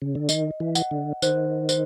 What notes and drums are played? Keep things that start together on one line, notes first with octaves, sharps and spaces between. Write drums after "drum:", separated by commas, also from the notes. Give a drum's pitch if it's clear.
C#3
D3
D#3 D#5, drum: tambourine
E3
F#5, drum: tambourine
D3
D#3 C5, drum: tambourine
C5, drum: tambourine